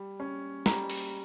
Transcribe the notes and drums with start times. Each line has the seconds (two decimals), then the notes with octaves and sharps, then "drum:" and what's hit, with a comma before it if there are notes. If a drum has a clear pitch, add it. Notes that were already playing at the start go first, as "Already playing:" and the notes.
Already playing: G3
0.20 C#4
0.66 G3 A#5, drum: snare
0.90 drum: open hi-hat